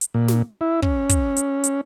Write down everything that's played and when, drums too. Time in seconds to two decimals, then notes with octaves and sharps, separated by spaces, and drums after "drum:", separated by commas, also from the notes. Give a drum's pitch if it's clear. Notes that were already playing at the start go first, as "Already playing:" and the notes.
0.01 drum: hi-hat
0.14 A#2
0.28 drum: snare
0.61 E4
0.82 C#4, drum: kick
1.09 drum: kick, hi-hat
1.36 drum: hi-hat
1.64 drum: hi-hat